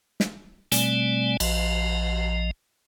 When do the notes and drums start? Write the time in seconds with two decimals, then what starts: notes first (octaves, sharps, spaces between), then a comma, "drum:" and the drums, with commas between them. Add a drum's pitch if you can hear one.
0.20 drum: snare
0.72 B2 G3 A3 C4 D5 G#5, drum: hi-hat
1.40 A#1 F3 D#5, drum: cymbal